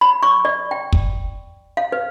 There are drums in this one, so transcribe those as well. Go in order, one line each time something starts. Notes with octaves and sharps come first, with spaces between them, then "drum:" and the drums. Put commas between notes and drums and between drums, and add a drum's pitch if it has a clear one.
B5
C#6
D5
G5
drum: kick
F5
B4